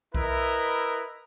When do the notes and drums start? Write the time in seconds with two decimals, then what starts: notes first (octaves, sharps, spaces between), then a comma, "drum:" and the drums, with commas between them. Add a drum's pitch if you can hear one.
0.15 E4 A#4 B4 D#5 E5, drum: kick B1